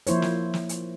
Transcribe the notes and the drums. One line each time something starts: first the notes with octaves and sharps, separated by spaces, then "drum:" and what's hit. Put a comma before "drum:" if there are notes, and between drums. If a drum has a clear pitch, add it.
F3 A#3 E4 C5 C#5, drum: hi-hat
drum: snare
drum: snare
drum: hi-hat